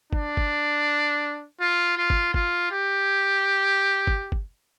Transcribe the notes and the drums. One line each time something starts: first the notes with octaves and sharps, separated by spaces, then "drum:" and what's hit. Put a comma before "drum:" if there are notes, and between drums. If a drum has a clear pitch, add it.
D4, drum: kick
drum: kick
F4
F4
drum: kick
F4, drum: kick
G4
drum: kick
drum: kick